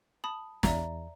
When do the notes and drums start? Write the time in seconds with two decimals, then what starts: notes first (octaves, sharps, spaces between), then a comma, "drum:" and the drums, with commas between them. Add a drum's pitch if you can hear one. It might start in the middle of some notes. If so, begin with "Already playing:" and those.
0.24 A5 B5 D#6
0.63 E2 D5 E5 A#5, drum: snare